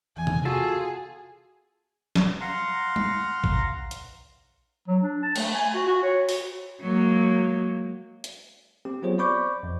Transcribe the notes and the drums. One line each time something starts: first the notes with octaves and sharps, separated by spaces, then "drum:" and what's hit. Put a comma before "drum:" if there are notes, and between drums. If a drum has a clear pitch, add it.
E2 G#5
drum: tom C3
F4 F#4 G#4 A4
drum: snare
F5 F#5 A#5 C6
drum: tom G3
drum: kick
drum: hi-hat
F#3
D4
A5
A3, drum: cymbal
G#5
F#4
F#4
C#5
F#4, drum: open hi-hat
F#3 G#3 A#3
drum: hi-hat
C4 G4
F#3 B3 F4 G#4 C5 C#5
C5 D5 B5 C#6 D6 G6
F2